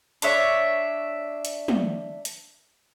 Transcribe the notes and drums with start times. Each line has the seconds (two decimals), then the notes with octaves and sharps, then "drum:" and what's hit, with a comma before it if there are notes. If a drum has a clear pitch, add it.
0.22 D4 C#5 E5, drum: hi-hat
1.45 drum: hi-hat
1.68 drum: tom
2.25 drum: hi-hat